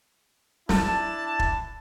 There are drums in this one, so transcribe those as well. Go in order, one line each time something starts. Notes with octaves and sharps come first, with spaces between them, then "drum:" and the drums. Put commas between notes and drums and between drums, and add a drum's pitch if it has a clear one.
D4 E4 A5, drum: snare
drum: kick